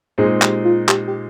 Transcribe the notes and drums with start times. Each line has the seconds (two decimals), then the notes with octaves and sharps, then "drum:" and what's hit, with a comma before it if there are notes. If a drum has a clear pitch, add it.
0.18 A#2 G#3 C4 D#4 G#4
0.42 G4, drum: clap
0.65 F4
0.89 G4, drum: clap
1.08 G4